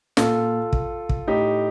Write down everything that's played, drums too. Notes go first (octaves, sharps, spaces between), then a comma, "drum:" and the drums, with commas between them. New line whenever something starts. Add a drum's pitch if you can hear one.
A#2 F4 A4, drum: snare
drum: kick
drum: kick
A2 D#4 G4